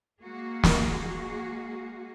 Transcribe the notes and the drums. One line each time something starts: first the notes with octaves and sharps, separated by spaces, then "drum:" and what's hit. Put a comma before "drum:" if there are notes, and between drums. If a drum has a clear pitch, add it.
G#3 A#3 F#4 G#4
drum: snare